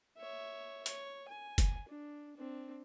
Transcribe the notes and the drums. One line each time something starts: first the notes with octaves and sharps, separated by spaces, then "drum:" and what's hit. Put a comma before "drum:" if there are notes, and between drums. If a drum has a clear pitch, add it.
C#5 E5
C#5, drum: hi-hat
G#5
drum: kick, hi-hat
D4
C4 D4